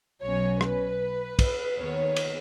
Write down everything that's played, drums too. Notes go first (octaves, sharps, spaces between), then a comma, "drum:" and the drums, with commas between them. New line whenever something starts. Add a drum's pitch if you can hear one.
B1 B2 F#3 C#4 C#5
B4, drum: rim click
drum: kick, cymbal
D#2 D#3 B3 C#5
drum: cymbal